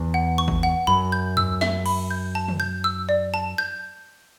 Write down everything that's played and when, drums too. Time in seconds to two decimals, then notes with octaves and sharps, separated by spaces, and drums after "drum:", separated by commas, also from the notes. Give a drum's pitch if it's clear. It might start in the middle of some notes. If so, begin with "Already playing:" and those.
Already playing: E2
0.14 F#5
0.38 C#6
0.48 drum: kick
0.63 F#5
0.87 F#2 B5
1.12 G6
1.37 E6, drum: tom
1.61 E5, drum: snare
1.86 B5, drum: cymbal
2.11 G6
2.35 A5
2.48 drum: tom
2.60 G6
2.84 E6
3.09 D5
3.34 A5
3.58 G6